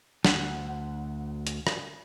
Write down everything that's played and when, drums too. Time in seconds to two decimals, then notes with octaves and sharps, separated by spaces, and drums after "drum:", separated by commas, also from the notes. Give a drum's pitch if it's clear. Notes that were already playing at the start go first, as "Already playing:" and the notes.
0.25 D2 F#5, drum: snare
1.47 drum: hi-hat
1.67 drum: rim click